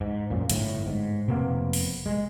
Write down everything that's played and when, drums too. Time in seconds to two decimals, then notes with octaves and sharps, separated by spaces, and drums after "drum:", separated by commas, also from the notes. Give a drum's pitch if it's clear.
0.01 G#2
0.30 F#2 A#2
0.50 G1 A2, drum: hi-hat
0.86 G#2
1.28 F1 C3 A#3 B3
1.73 drum: open hi-hat
2.06 G#3